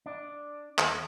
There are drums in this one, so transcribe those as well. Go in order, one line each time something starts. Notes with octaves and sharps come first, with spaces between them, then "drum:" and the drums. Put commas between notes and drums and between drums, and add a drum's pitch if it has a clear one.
D4
D#2, drum: clap